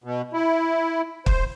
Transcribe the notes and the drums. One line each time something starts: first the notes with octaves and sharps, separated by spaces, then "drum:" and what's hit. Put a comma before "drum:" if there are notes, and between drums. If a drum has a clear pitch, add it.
B2
E4
C5, drum: kick